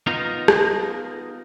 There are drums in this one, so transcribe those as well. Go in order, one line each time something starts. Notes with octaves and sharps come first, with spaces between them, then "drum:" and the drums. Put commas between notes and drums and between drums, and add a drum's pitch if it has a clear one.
B3 D#4 F4 A#4
drum: rim click